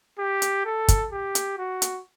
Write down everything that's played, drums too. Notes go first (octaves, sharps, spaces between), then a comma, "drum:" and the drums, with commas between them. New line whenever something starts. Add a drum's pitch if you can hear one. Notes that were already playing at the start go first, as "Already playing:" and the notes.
G4
drum: hi-hat
A4
drum: kick, hi-hat
G4
drum: hi-hat
F#4
drum: hi-hat